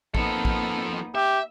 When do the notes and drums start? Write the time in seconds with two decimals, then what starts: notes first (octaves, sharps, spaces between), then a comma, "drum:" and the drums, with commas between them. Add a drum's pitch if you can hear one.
0.15 F3 A#3 B3 D#4 A4, drum: kick
0.45 drum: kick
1.15 G4 E5